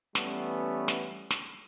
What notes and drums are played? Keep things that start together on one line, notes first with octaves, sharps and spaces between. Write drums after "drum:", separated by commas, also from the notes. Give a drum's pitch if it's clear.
E3 G3 A3 B3 C#4, drum: snare
drum: snare
drum: snare